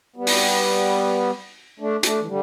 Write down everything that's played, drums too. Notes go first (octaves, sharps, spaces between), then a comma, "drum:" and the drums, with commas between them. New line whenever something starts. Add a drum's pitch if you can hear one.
G3 B3
drum: open hi-hat
A3 D4
A3 D4, drum: hi-hat
E3
D3 G3